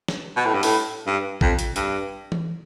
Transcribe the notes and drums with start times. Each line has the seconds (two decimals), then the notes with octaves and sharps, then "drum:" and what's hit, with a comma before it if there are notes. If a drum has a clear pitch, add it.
0.08 drum: snare
0.36 B2
0.45 A2
0.54 G2
0.63 A2, drum: open hi-hat
1.06 G2
1.41 F2, drum: kick
1.59 drum: hi-hat
1.76 G2, drum: hi-hat
2.32 drum: tom E3